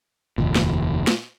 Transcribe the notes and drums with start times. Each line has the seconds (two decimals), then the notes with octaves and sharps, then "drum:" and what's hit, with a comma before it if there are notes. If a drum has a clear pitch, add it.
0.38 F1 D#2 A#2
0.55 drum: snare
1.07 drum: snare